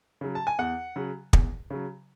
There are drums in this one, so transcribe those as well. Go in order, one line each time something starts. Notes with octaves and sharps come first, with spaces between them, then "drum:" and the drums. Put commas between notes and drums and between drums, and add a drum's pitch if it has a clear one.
C#3 F#3
A5
G#5
E2 F#5
C#3 F#3
E2, drum: kick
C#3 F#3